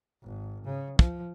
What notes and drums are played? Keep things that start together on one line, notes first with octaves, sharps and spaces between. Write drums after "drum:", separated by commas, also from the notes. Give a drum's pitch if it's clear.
G#1
C#3
F3, drum: kick